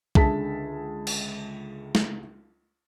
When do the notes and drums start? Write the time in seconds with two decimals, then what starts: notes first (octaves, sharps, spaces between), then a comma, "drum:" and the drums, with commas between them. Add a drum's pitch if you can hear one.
0.15 C#2 D3 G#4 E5 A5 B6, drum: kick B1
1.07 drum: cymbal
1.95 drum: snare